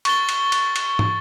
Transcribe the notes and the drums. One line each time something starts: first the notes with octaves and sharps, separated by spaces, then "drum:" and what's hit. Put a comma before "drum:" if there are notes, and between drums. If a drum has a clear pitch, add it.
C#6 A6 G7, drum: cymbal
drum: cymbal
drum: cymbal
drum: cymbal
drum: tom